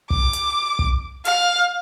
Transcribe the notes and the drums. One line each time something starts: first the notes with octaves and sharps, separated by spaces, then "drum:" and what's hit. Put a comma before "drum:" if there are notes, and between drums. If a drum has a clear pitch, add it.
D6, drum: kick
drum: hi-hat
drum: kick
F5, drum: hi-hat